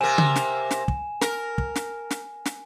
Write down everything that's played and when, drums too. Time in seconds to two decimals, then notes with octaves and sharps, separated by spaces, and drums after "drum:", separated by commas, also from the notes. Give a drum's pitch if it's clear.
0.01 C3 A#3 G#5 E7
0.18 drum: tom C#3
0.36 drum: snare
0.71 drum: snare
0.88 drum: kick
1.21 A#4, drum: snare
1.58 drum: kick
1.76 drum: snare
2.10 drum: snare
2.45 drum: snare